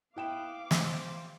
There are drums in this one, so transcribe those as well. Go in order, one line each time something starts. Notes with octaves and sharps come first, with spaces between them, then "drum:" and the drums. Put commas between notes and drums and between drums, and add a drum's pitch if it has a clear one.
B3 E4 F5 G5 D6 E7
C5, drum: snare